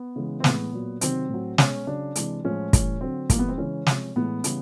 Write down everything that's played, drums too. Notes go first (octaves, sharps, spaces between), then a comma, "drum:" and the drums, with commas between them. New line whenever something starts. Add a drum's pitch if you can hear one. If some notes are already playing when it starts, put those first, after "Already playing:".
Already playing: B3
C#3 E3 G#3
C4
A2 E3 G#3 B3, drum: snare
A#2 F#3
C3 D#3 F#3 C4, drum: hi-hat
A2 F#3
B2 G#3 C#4, drum: snare
C#3 F#3 D4
C3 E3 G#3, drum: hi-hat
A2 F3 G#3 C#4
A2 E3 G3, drum: kick, hi-hat
D3 F#3 C4
A2 E3 G3 A#3, drum: kick, hi-hat
B3
C4
C#3 E3 G#3 C#4
C3 F3 G#3, drum: snare
A2 E3 G#3 B3
C#3 E3 G3, drum: hi-hat